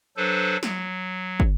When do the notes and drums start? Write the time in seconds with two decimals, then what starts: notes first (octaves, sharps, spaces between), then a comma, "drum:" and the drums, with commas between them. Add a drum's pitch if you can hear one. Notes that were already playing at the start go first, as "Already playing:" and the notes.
0.17 F#3 D4 A4 B4 C5
0.63 F#3, drum: snare
1.40 drum: kick